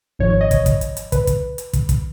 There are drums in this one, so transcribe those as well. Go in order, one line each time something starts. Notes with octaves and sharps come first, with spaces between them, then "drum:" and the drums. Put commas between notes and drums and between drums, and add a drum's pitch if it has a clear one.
G#1 G#2 F3 C#5
C#5
D#5
C#5, drum: kick, hi-hat
drum: kick, hi-hat
drum: hi-hat
drum: hi-hat
B4, drum: kick, hi-hat
drum: kick, hi-hat
drum: hi-hat
drum: kick, hi-hat
drum: kick, hi-hat